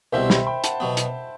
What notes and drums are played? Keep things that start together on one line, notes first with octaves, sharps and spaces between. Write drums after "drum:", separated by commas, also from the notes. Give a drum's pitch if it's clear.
C2 B2 G3 C4 C5 E5
G5 B5, drum: snare
G5 B5
F#5 A5, drum: hi-hat
B2 F#3 B3
drum: hi-hat